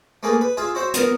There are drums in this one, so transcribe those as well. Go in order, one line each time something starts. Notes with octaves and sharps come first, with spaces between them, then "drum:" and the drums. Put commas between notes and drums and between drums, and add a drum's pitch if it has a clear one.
A3 A#3 G#4 B4
B4
F4 G#4 E5
F#4 C5 E5
B3 A#4, drum: hi-hat